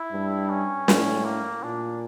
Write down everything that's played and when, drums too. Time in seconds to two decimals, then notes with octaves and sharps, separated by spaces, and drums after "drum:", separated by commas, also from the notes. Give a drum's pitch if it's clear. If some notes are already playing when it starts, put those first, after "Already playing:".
Already playing: E4
0.11 G2
0.49 C#4
0.88 A2, drum: snare
1.25 A#3
1.63 A#2 D4